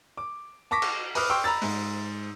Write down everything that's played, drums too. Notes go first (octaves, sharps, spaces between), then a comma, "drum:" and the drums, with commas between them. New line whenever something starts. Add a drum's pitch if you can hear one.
D6
A5 C#6 D6 A#6 B6
drum: cymbal
B4 D6 D#6 F6, drum: open hi-hat
G5 C6 C#6 E6
A#5 B5 E6 A6
G#2, drum: open hi-hat